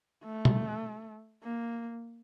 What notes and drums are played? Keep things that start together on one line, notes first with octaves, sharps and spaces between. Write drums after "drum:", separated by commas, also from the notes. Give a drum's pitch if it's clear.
A3
drum: tom
A#3